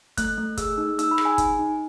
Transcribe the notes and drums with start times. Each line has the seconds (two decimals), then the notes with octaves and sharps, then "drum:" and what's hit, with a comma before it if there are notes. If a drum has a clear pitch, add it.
0.17 A3 F#6, drum: kick, hi-hat
0.38 A3
0.57 G#4 E6, drum: kick, hi-hat
0.77 D#4
0.99 D#4 E6, drum: hi-hat
1.11 B5
1.18 G#4, drum: rim click
1.25 G#5
1.38 D#4, drum: kick, hi-hat
1.59 D#4